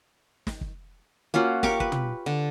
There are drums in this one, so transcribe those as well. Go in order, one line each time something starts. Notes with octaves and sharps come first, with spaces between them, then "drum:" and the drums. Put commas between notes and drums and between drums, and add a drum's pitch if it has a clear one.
drum: snare
drum: kick
A#3 C#4 F4 F#4
G4 A#4 C#6 D6, drum: snare
B4, drum: kick
drum: tom
D3